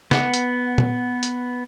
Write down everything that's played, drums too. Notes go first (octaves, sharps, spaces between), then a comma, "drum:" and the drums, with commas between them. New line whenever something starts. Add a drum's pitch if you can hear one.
B3 F#5, drum: snare
drum: hi-hat
drum: tom A#2
drum: hi-hat